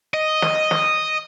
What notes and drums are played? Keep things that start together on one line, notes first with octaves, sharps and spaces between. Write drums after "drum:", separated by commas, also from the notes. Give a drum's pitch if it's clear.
D#5
drum: snare
drum: snare